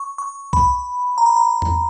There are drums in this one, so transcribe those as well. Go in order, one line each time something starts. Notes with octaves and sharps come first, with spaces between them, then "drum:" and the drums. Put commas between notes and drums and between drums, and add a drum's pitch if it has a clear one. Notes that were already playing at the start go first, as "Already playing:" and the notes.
Already playing: C#6
C#6
B5, drum: kick B1
A#5
B5
A#5
drum: tom E2